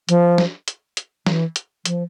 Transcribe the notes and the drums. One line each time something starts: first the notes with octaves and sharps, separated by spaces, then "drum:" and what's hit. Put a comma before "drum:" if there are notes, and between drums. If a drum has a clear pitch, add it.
F3, drum: hi-hat
drum: snare
drum: hi-hat
drum: hi-hat
E3, drum: snare
drum: hi-hat
F3, drum: hi-hat